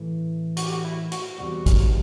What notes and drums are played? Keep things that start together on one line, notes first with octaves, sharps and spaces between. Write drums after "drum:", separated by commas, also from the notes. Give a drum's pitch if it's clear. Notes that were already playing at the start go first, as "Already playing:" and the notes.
Already playing: A2 E3 A3
F#4, drum: hi-hat
G4
F#4
E4
F#4, drum: hi-hat
E2 C3 G3 F#4
drum: kick, hi-hat